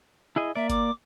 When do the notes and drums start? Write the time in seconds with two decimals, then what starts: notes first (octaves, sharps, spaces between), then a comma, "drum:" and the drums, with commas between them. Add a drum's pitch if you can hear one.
0.36 E4 G#4 D#5
0.55 A#3 D5 E5
0.70 D6, drum: kick G1, hi-hat